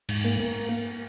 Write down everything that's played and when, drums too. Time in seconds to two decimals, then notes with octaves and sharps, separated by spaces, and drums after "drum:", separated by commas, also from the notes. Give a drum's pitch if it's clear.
0.09 G#2, drum: cymbal
0.24 A#3
0.40 A#3